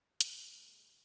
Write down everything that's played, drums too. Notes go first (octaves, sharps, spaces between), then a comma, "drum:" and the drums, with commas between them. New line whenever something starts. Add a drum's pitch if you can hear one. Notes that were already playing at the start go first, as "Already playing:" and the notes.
C3, drum: hi-hat
A#2 G#3